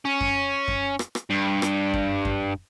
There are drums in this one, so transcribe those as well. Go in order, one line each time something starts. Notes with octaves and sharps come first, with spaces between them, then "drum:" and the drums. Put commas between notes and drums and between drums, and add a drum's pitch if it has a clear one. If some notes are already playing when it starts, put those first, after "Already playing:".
C#4
drum: kick F#2
drum: kick F#2
drum: rim click
drum: rim click
G2
drum: rim click
drum: kick F#2
drum: kick F#2